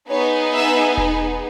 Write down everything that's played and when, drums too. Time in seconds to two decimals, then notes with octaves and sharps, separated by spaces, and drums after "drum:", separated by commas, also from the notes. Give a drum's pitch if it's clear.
0.10 B3 D#4 G#4 C#5
0.54 E5
0.97 drum: kick E1